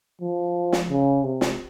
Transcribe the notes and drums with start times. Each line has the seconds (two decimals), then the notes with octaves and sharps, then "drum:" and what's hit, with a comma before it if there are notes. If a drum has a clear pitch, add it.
0.22 F3
0.72 drum: snare
0.90 C#3
1.23 C3
1.41 drum: snare